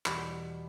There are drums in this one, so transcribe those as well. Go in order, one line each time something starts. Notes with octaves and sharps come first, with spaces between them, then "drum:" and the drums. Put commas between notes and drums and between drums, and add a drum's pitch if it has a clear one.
E2 B2 G3 B5, drum: clap